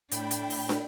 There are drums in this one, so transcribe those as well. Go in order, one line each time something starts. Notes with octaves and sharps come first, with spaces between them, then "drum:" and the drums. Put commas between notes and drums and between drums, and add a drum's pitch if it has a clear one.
A2 D4 G5 B5, drum: hi-hat
drum: hi-hat
drum: open hi-hat
drum: snare